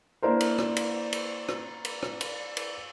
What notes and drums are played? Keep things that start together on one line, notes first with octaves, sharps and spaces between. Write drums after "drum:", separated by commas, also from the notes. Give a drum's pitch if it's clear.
A#3 D4 E4 A#4 C5
drum: cymbal
drum: rim click
drum: cymbal
drum: cymbal
drum: rim click
drum: cymbal
drum: rim click
drum: cymbal
drum: cymbal